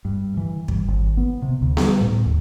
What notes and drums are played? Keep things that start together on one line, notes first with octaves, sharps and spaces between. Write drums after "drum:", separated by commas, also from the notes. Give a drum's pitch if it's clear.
G2
E3
G2, drum: kick
G#1
B3
C3
D2
G3, drum: snare B3
A2
D#2